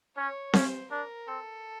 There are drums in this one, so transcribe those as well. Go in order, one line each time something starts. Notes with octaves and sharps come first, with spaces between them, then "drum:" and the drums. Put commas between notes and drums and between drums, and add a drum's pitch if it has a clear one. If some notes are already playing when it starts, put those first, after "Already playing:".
C#4 C#5
C#4 C5, drum: snare C4
D4 A#4
C4 A4